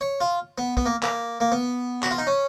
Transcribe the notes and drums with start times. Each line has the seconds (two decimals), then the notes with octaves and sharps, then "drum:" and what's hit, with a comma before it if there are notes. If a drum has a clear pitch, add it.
0.01 C#5
0.20 F4
0.58 B3
0.77 B3, drum: kick
0.86 A#3
1.02 A#3, drum: clap
1.40 A#3
1.52 B3
2.03 F#4, drum: clap
2.11 F4
2.18 D#4
2.27 C#4